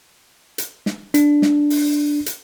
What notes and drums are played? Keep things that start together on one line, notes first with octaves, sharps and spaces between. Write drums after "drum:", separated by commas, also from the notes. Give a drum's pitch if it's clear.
drum: hi-hat
drum: snare
D4, drum: hi-hat
drum: snare
drum: open hi-hat
drum: hi-hat